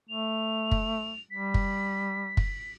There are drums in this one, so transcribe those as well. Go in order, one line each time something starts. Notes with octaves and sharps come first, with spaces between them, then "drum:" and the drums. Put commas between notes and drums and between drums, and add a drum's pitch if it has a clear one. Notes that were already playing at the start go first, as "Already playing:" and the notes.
A3 F7
drum: kick
G3 B6
drum: kick
drum: kick